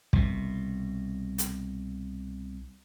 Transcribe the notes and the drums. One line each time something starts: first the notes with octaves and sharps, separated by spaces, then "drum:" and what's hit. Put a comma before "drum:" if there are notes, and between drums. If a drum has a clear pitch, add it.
C2 B2, drum: kick
drum: hi-hat